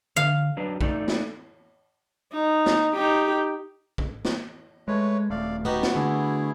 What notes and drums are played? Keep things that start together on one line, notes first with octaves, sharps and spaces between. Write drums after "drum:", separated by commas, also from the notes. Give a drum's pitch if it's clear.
D3 F5
F#3 D4 B4
A3 D#4 D5, drum: kick A#1
drum: snare
D#4
drum: snare
D#4 G4
drum: kick A#1
drum: snare
G#3 A3 B4 C#5
D#1 A3 D5 F5
B3 D#4 F#4 G4 D#5
drum: snare
D3 A3 D4 E4 G#4